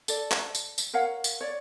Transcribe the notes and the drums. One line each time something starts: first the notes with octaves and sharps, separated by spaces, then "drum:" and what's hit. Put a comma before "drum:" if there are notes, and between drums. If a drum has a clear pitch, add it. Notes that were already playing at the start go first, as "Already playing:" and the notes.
A4 D5, drum: tambourine
drum: clap
drum: tambourine
drum: tambourine
A#4 C#5 F5 F#5
drum: tambourine
C#5 D5